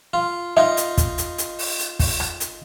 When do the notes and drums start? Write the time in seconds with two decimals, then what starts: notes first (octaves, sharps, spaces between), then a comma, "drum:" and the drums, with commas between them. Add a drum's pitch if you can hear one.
0.13 F4
0.57 D#4 F4 E5, drum: rim click
0.77 drum: hi-hat
0.97 drum: kick, hi-hat
1.18 drum: hi-hat
1.38 drum: hi-hat
1.59 drum: open hi-hat
1.79 drum: hi-hat
1.99 drum: kick, open hi-hat
2.20 drum: rim click
2.40 drum: hi-hat